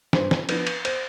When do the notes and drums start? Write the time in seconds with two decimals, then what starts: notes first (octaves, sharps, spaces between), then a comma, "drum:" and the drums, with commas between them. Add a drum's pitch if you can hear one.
0.13 G2 C5, drum: snare
0.31 drum: snare
0.49 F3 B3 D4 B4, drum: cymbal
0.67 drum: cymbal
0.85 C5, drum: cymbal